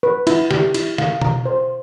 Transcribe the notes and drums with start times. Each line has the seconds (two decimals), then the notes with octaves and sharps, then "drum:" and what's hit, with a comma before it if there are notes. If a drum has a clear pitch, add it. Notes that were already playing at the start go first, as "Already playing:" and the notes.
0.03 B4
0.27 E4, drum: cymbal
0.51 G4, drum: snare
0.74 E4, drum: cymbal
0.98 F5, drum: snare
1.21 A#5, drum: tom
1.46 C5